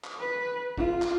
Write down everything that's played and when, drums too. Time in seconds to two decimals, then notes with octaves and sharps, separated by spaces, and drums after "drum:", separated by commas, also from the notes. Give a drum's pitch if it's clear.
0.04 drum: clap
0.19 B4
0.78 F4, drum: kick
1.02 drum: clap